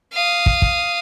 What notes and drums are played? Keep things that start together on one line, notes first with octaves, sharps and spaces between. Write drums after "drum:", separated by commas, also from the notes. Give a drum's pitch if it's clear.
F5 D#6
drum: kick
drum: kick